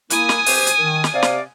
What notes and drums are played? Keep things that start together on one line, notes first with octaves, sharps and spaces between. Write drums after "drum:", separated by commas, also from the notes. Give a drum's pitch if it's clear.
A#3 E4 G#5 D#6, drum: hi-hat
drum: snare
C4 G4 C5, drum: open hi-hat
drum: hi-hat
D#3
drum: snare
C3 D5 F5
drum: snare